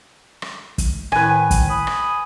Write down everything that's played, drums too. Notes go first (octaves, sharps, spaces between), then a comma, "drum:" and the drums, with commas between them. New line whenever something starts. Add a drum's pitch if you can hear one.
drum: rim click
drum: kick, hi-hat
A2 D#3 B4 G#5, drum: rim click
drum: kick, hi-hat
B5 D#6
drum: rim click